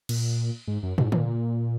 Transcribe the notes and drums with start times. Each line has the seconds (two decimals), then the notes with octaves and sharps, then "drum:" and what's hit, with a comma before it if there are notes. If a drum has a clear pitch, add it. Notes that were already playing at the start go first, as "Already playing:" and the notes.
0.09 A#2, drum: cymbal
0.68 G#2
0.83 F#2
0.98 G#2, drum: tom
1.12 A#2, drum: tom